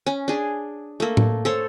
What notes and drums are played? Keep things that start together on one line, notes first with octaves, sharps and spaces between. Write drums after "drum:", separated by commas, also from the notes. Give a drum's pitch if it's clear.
C#4
D4 G#4
A3 A#3
drum: tom A2
A4 C5 C#5